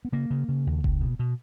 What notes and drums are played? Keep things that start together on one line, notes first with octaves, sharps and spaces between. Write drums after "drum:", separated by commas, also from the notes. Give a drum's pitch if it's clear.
B3
C#3 A#3
C#3
C#3
D#2
C#2, drum: kick E1
B2
B2